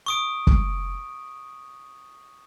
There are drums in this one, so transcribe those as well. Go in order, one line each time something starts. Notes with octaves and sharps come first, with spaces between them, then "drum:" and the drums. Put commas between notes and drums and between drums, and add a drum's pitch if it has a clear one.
C#6 D#6 D7
drum: kick